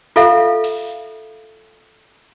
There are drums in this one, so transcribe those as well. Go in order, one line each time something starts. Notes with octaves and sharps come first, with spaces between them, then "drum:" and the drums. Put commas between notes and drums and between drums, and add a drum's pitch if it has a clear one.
F4 A4 E5 F5
drum: open hi-hat